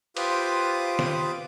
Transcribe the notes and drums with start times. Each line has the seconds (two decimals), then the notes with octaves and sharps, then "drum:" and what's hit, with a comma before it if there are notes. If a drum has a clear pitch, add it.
0.17 F4 G4 B4 C5 D6 D#6, drum: cymbal
0.99 drum: snare